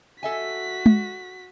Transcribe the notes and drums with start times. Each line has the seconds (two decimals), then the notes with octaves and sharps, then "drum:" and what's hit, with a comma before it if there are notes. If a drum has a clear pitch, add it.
0.23 F#4 A4 E5 G#5 B6
0.86 drum: tom G#3